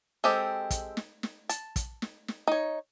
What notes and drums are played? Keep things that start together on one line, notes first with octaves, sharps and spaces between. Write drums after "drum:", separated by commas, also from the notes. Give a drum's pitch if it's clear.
G#3 C4 G4 A4
drum: kick, hi-hat
drum: snare
drum: snare
A5, drum: hi-hat
drum: kick, hi-hat
drum: snare
drum: snare
D#4 C#5